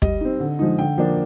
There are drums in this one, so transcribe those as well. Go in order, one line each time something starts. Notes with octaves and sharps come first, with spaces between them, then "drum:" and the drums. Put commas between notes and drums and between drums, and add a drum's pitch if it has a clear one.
G3 D#5, drum: kick
C4 D#4
D3
F3 G#3 D#4
D3 G5
F3 A#3 D4